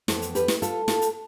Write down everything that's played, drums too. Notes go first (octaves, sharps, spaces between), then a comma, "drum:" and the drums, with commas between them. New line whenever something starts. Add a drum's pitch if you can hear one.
F2 E3 B3 A4 C5, drum: snare
drum: hi-hat
G4 B4, drum: hi-hat
drum: snare
F4 A4, drum: hi-hat
F4 A4, drum: snare
drum: hi-hat